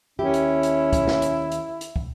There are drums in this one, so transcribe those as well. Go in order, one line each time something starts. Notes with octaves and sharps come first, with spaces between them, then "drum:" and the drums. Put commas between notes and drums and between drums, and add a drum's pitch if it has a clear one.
D#2 C#4 E4 G4
drum: hi-hat
drum: hi-hat
drum: kick, hi-hat
drum: snare
drum: hi-hat
drum: hi-hat
drum: hi-hat
drum: kick